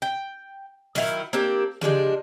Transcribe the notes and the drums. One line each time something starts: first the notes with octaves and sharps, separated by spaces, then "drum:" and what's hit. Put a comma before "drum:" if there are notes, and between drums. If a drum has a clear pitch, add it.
G5
D#3 F#3 E4 F5, drum: snare
A#3 C4 D4 G4
F3 G3 G#3 D4, drum: tom C#3